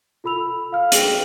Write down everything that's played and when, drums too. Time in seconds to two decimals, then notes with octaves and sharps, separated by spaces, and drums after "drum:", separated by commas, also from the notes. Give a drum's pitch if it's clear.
0.24 F4 A4 B5 E6 F7
0.72 F5 F6
0.92 G#4 G5, drum: hi-hat